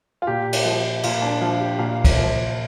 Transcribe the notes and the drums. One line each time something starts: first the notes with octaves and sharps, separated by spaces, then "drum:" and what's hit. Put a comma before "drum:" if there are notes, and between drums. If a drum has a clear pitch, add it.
F4
A#2 G4
drum: cymbal
F3
A#2 F4, drum: cymbal
D4
F3 F4
G4
A#2 F5
drum: kick, cymbal
F3